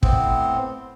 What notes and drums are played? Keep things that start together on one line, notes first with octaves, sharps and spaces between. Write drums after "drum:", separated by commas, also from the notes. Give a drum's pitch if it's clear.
A2 B3 C4, drum: kick